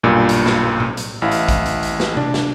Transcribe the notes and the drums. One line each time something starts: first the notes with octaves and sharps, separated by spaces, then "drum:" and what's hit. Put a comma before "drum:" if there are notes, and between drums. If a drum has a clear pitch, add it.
B1 G2 A#2
drum: hi-hat
drum: snare
drum: tom A2
drum: hi-hat
A1 E4 F5
drum: hi-hat
drum: kick A1, hi-hat
drum: hi-hat
drum: hi-hat
drum: snare
D4, drum: tom C3
drum: snare